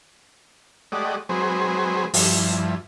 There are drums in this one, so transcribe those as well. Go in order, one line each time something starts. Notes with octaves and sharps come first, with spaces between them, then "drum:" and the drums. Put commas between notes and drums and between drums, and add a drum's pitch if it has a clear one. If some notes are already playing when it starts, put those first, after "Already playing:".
G#3 A3 G4 D5 D#5 F#5
F#3 G#3 C4 G#4 B4 C5
G2 F3 E4, drum: open hi-hat